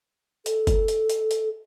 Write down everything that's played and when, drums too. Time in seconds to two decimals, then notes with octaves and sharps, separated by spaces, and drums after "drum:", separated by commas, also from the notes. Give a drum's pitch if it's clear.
0.46 A4, drum: hi-hat
0.67 drum: kick F#1, hi-hat
0.88 drum: hi-hat
1.10 drum: hi-hat
1.31 drum: hi-hat